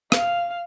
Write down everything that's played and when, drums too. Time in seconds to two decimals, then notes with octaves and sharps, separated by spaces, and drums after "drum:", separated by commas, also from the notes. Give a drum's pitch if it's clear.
0.12 F5, drum: rim click